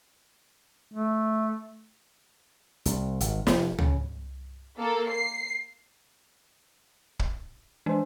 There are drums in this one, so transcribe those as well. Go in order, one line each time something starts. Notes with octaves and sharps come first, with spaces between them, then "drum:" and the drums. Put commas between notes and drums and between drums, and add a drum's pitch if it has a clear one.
A3
C2, drum: hi-hat
G#1, drum: hi-hat
F1 F2, drum: snare
C#3, drum: tom
A#3 A4
C7
drum: kick
E3 G#3 D4 C5